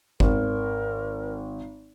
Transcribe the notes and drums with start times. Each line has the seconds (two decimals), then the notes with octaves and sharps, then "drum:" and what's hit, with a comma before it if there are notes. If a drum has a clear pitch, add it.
0.20 G#1 A#4, drum: kick G1